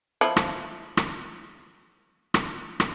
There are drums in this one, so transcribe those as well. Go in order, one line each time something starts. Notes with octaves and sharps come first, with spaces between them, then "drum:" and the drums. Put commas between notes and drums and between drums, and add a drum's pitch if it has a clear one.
F3 E4
drum: rim click
drum: rim click
drum: rim click
drum: rim click